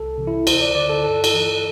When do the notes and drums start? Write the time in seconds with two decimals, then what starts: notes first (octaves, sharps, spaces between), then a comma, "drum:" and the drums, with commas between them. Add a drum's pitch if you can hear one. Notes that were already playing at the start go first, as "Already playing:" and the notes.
Already playing: C2 A4
0.18 C3 E3
0.27 E4
0.47 D2 C5, drum: cymbal
0.61 D5
0.75 D3 D5
0.89 A4
1.04 G2 A4
1.24 drum: cymbal
1.33 E3